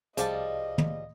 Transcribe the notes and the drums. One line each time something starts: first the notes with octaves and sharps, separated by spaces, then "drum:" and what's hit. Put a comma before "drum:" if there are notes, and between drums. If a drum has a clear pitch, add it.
C2 F3 G3 G#4 D5 D#5 F5 A5, drum: hi-hat
drum: tom